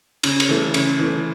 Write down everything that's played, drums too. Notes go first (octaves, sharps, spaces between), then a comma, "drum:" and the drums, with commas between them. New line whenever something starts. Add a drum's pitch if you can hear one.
C#3, drum: cymbal
drum: cymbal
E3 A3
C#3, drum: cymbal
E3 A3